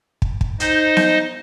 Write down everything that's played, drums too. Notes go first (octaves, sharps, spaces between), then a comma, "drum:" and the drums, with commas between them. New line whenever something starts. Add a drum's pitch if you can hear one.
drum: kick
drum: kick
D#4 C5 D#5, drum: hi-hat
drum: snare B3